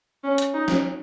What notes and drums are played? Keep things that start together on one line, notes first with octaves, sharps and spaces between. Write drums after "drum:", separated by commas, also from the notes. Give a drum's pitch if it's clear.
C#4
drum: hi-hat
D#4
drum: snare